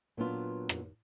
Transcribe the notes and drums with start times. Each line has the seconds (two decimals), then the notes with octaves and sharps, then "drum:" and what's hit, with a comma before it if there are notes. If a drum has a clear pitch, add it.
0.17 A#2 F#3 B3 D4 F4
0.69 drum: rim click